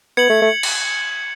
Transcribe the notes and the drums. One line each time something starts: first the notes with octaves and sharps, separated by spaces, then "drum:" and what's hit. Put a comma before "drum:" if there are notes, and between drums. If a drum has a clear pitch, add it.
B3 G#6 C#7 F#7
A3
A3
drum: cymbal